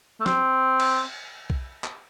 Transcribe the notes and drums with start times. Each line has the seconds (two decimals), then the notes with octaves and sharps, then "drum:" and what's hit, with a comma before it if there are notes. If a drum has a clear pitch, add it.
0.20 A3
0.26 C4, drum: snare
0.80 drum: cymbal
1.50 drum: kick B1
1.84 drum: clap